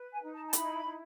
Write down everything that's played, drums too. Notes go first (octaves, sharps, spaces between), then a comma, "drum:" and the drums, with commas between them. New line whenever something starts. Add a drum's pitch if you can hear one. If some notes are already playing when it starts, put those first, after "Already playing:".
Already playing: B4
G#5
D#4
A5
A5
E4 B5, drum: hi-hat
E4